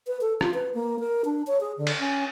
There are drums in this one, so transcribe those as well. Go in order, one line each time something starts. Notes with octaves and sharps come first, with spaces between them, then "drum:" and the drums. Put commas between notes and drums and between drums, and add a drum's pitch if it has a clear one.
B4
A4
F4, drum: rim click
B4
A#3
A#4
D4
C#5
G#4
D3
drum: cymbal
C#4